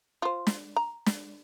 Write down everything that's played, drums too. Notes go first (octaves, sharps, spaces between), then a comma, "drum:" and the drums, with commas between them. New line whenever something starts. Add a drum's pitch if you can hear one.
F4 C5
drum: snare
A#5
drum: snare